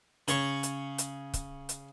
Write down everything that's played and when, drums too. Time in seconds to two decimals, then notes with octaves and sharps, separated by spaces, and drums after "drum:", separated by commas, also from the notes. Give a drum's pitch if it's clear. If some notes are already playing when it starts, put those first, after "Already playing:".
0.28 C#3 C#5 C#6, drum: hi-hat
0.63 drum: hi-hat
0.98 drum: hi-hat
1.34 drum: kick, hi-hat
1.69 drum: hi-hat